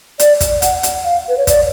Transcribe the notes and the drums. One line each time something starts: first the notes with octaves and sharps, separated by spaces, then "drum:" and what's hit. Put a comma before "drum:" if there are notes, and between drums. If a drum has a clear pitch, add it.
D5, drum: hi-hat
drum: kick, hi-hat
F#5, drum: hi-hat
drum: hi-hat
F5
B4
C#5
D5, drum: kick, hi-hat